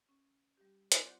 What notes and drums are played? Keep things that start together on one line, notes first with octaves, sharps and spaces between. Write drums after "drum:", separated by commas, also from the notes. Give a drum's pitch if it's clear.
C#4
G3 G4
C4 F4 C5 D5 F#5, drum: hi-hat